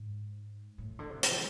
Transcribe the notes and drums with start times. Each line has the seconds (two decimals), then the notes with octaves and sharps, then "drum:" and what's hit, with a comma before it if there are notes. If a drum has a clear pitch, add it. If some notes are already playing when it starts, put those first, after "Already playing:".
Already playing: G#2
0.78 A2
0.99 D3
1.10 C3
1.23 drum: hi-hat
1.35 G#3